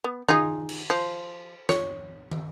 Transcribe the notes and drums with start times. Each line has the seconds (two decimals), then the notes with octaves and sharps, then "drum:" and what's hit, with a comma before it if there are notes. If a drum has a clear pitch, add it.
0.04 B3
0.29 D#4 F4 G#4, drum: tom D#3
0.69 drum: cymbal
0.90 F3
1.69 C#5, drum: snare F4
2.31 drum: tom